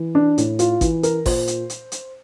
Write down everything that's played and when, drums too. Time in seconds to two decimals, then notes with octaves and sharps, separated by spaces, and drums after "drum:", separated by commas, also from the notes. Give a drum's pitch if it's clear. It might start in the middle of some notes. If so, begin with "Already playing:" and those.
Already playing: E3
0.15 D4
0.38 A2, drum: hi-hat
0.59 F4, drum: hi-hat
0.81 E3, drum: kick G#1, hi-hat
1.03 A#4, drum: hi-hat
1.26 A#2 C5, drum: kick G#1, open hi-hat
1.47 drum: hi-hat
1.70 drum: hi-hat
1.92 drum: hi-hat